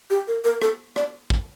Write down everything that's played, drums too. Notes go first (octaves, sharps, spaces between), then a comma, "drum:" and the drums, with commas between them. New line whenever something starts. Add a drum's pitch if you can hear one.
G4
A#4
A#4
A4, drum: rim click
D5, drum: rim click
drum: kick